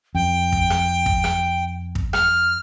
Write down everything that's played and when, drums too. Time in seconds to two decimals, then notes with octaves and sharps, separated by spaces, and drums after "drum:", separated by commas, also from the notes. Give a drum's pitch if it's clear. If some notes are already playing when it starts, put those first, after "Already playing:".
0.15 F2 G5
0.52 drum: kick
0.70 drum: rim click
1.06 drum: kick
1.24 drum: rim click
1.95 drum: kick
2.13 F6, drum: rim click